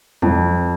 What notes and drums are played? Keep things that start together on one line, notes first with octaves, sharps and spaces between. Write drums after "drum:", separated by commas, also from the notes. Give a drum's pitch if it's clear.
F2, drum: tom F3